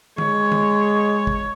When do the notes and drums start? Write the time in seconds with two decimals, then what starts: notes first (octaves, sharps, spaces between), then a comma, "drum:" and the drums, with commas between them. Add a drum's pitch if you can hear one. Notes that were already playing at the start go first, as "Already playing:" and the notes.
0.18 G#3 C#5, drum: tom D3
0.52 drum: tom D3
1.27 drum: kick